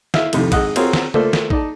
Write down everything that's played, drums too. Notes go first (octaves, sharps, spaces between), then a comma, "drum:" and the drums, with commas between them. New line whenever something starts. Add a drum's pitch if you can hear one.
E4 E5 F5, drum: snare
F2 A2 C3 D#3, drum: cymbal
G#1 G#4 D#5 F#5 D#6, drum: kick, cymbal
C4 F4 F#4 G#4 A#4 C#5, drum: cymbal
drum: snare
A3 A#3 F4 A4 C5 D5, drum: tom C#3
drum: snare
D#4 D5 A5, drum: kick